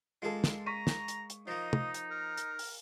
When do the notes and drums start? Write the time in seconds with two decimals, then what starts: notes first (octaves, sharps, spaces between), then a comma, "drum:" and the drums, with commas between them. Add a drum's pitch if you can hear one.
0.22 G#3 A#3 F4 G#4 A4
0.44 drum: snare
0.66 A#5 C#6 B6 D#7
0.87 drum: snare
1.08 drum: hi-hat
1.30 drum: hi-hat
1.47 F3 A#3 D#4 D#5
1.73 drum: tom
1.94 drum: hi-hat
2.11 A#4
2.37 drum: hi-hat
2.59 drum: open hi-hat